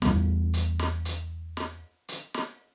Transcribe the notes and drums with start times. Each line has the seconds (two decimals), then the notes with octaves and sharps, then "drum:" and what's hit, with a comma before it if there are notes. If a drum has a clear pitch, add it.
0.02 E2 G3 A3 B3, drum: snare
0.54 drum: hi-hat
0.79 drum: snare
1.05 drum: hi-hat
1.57 drum: snare
2.09 drum: hi-hat
2.34 drum: snare